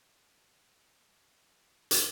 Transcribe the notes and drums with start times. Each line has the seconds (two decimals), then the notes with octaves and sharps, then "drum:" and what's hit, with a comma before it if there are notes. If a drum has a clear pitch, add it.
0.87 G4 D5 C#6
1.48 F4 F5 G#5
1.91 drum: hi-hat